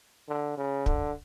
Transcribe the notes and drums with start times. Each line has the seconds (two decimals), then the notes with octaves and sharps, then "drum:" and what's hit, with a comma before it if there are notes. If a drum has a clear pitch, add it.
0.28 D3
0.57 C#3
0.86 D3, drum: kick